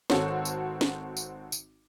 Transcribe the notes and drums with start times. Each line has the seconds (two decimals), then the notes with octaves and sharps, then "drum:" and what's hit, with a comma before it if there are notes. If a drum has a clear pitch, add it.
0.10 G#1 C4 F#4 A4 C#5, drum: snare
0.45 drum: tambourine
0.81 drum: snare
1.17 drum: tambourine
1.52 drum: tambourine